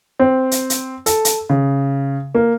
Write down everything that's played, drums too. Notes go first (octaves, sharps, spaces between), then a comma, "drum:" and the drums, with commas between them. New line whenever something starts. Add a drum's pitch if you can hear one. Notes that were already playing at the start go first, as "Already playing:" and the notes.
C4
drum: hi-hat
drum: hi-hat
A4, drum: hi-hat
drum: hi-hat
C#3
A#3